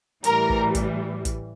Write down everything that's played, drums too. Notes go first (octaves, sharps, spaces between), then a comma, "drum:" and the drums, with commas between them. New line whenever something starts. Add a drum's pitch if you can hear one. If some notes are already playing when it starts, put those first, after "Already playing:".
A2 E3 G3 A#4, drum: hi-hat
drum: kick
drum: kick, hi-hat
drum: kick, hi-hat